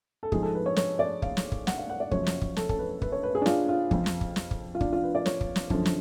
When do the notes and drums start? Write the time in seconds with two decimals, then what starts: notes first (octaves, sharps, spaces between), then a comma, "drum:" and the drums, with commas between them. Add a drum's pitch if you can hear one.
0.23 A4
0.32 G#2 F3 G#4, drum: kick
0.43 A4
0.55 B4
0.66 C#5
0.76 C#5, drum: snare
0.99 D5
1.22 F5, drum: kick
1.37 drum: snare
1.52 drum: kick
1.67 F#5, drum: snare
1.78 F5
1.90 F#5
2.00 D5
2.11 F#2 C#3 F3 C#5, drum: kick
2.26 drum: snare
2.41 drum: kick
2.56 A4, drum: snare
2.69 A4, drum: kick
2.79 B4
3.02 B4, drum: kick
3.12 C#5
3.23 B4
3.35 G#4
3.42 D4
3.46 F4, drum: snare
3.69 F4
3.91 F2 F3, drum: kick
4.06 drum: snare
4.21 drum: kick
4.36 drum: snare
4.51 drum: kick
4.75 F4
4.81 D4, drum: kick
4.93 F4
5.03 B4
5.15 D5
5.26 C#5, drum: snare
5.41 drum: kick
5.56 drum: snare
5.70 F#2 D3 F3, drum: kick
5.85 drum: snare